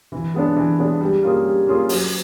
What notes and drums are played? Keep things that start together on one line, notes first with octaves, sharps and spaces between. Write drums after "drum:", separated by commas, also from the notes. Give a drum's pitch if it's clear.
E3
G#3 B3 D4
E3
G#3 B3 D4
G3
A#3 C#4 F4 G#4
G3
A#3 C#4 F4 G#4
F#3, drum: open hi-hat